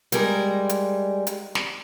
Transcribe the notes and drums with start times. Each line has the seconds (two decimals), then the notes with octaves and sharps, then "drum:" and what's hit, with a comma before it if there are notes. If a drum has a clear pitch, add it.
0.12 G3 G#3 A#4, drum: hi-hat
0.69 drum: hi-hat
1.27 drum: hi-hat
1.55 drum: snare